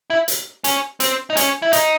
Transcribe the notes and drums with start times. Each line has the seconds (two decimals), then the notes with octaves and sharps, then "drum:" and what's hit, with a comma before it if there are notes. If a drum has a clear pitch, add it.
0.10 E4
0.28 drum: hi-hat
0.64 C#4, drum: hi-hat
1.00 C4, drum: hi-hat
1.30 D#4
1.37 C#4, drum: hi-hat
1.62 E4
1.73 D#4, drum: hi-hat